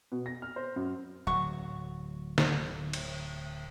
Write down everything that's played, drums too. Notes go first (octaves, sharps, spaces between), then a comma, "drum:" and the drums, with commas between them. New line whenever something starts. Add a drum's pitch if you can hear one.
B2
A#6
F6
C5
F#2
D1 F#3 F#5 C#6
drum: snare
drum: cymbal